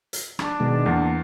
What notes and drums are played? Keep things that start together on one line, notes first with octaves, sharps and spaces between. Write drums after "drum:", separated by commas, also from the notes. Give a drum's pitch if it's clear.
drum: hi-hat
D4, drum: rim click
B2 D#3 G#3
E2 A#3